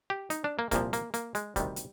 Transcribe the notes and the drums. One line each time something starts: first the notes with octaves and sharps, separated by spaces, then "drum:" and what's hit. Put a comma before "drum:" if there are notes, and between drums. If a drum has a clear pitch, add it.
G4
D#4, drum: hi-hat
D4
A#3
C2 A#2 F3 A#3, drum: kick, hi-hat
A#3, drum: hi-hat
A#3, drum: hi-hat
G#3, drum: hi-hat
D2 C3 D#3 G3, drum: kick, hi-hat
drum: hi-hat